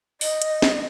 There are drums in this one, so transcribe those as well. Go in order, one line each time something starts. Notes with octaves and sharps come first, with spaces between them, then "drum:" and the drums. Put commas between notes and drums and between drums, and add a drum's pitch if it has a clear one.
D#5, drum: open hi-hat
drum: hi-hat
drum: snare